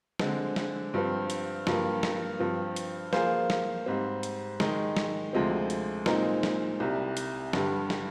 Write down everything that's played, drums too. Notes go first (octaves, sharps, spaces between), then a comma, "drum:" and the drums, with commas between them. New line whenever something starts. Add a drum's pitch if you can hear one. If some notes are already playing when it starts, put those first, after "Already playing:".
D3 G#3 C4, drum: snare
drum: snare
G2 F3 C4
drum: hi-hat
G2 F3 A#3, drum: snare
drum: snare
G2 F3 C4
drum: hi-hat
F3 A#3 F4 G#4 C5, drum: snare
drum: snare
G#2 G3 C4
drum: hi-hat
D#3 G#3 D#4, drum: snare
drum: snare
D2 C3 F3 G#3 C4
drum: hi-hat
A#2 G#3 C4 D#4 A#4, drum: snare
drum: snare
C2 C3 G3
drum: hi-hat
G2 D3 G3, drum: snare
drum: snare